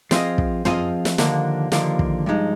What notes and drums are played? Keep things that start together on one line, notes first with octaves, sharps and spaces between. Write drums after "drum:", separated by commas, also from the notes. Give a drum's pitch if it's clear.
F3 C4 F4 G#4 D#5, drum: snare
drum: kick
F3 C4 F4 G#4 D#5, drum: tom
drum: snare
D#2 D3 F3 A#3 D4, drum: snare
D#2 D3 F3 A#3 D4, drum: snare
drum: kick
G2 F3 G#3 D#4